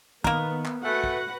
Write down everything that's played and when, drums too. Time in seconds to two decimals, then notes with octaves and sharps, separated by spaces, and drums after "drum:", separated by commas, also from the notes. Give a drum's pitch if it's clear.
0.24 D#3 A#3 B3 A#4, drum: kick
0.65 drum: clap
0.84 A3 F#4 B4 F#5 G#5
1.04 drum: kick